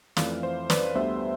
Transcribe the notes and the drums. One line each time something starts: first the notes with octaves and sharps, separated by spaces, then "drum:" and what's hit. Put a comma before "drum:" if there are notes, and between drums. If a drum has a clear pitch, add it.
F2 E3 A3 D5 F5, drum: snare
C5
B4 D5, drum: snare
D2 D3 G3 B3 C5 E5